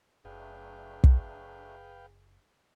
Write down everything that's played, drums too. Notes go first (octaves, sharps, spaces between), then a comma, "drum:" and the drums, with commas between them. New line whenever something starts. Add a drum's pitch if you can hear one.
F#1 F#3 A3 D4 G#4 B4 F5 G5
drum: kick